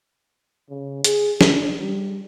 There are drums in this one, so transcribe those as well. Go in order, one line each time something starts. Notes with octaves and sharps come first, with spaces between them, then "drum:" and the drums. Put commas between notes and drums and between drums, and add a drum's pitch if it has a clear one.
C#3
G#4, drum: hi-hat
D4, drum: snare
G3